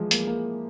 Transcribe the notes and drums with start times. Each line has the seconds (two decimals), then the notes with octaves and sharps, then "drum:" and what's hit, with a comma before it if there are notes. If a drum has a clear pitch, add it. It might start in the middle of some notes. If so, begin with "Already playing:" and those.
Already playing: E3 F3 G#3
0.11 A#3, drum: hi-hat
0.19 G#3
0.27 A#3